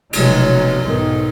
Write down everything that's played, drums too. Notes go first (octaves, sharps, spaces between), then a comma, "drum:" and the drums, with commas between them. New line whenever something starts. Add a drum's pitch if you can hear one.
F1 B2 F#3 G#3, drum: cymbal
B1 G#2 D#3